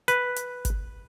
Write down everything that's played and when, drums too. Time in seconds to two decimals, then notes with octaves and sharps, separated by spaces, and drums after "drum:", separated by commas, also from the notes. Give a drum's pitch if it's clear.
0.08 B4, drum: hi-hat
0.36 drum: hi-hat
0.65 drum: kick G1, hi-hat